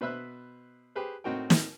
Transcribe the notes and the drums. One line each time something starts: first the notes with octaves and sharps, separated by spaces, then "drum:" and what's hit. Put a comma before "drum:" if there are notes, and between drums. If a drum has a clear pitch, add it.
B2 B4 C5 E5 B5 F#6
G4 G#4 B4 C5
A2 C4 D#4 F#4 A#4 G5
drum: snare